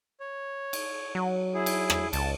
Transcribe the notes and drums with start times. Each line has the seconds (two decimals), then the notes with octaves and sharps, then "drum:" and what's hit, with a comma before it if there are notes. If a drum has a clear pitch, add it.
0.20 C#5
0.73 drum: cymbal
1.15 F#3
1.54 E4 G#4
1.66 drum: cymbal
1.90 drum: rim click
2.13 C#2 A5, drum: cymbal